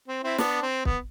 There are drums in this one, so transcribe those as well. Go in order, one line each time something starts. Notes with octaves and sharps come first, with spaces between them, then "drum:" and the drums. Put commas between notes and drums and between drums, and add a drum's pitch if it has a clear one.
C4
C4 E4
B3 D4, drum: snare
C4
B3, drum: kick